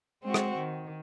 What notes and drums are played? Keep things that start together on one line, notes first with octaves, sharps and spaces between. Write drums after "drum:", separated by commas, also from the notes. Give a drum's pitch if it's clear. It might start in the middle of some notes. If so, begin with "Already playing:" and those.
G#3 C4 F#4
drum: rim click
D#3